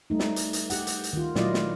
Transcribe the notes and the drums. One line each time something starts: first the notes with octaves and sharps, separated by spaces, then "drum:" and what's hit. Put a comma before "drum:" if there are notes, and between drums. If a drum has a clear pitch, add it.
G3 A3 D#4
drum: snare
drum: hi-hat
drum: hi-hat
G4 F#5, drum: hi-hat
drum: hi-hat
drum: hi-hat
D#3 F4
A#2 F#3 E4 F4 D5 D#5, drum: snare
drum: snare